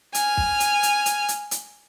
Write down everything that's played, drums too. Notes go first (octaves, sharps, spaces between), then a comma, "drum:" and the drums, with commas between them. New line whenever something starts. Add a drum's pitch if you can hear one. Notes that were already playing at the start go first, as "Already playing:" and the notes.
G#5 F6, drum: hi-hat
drum: kick
drum: hi-hat
drum: hi-hat
drum: hi-hat
drum: hi-hat
drum: hi-hat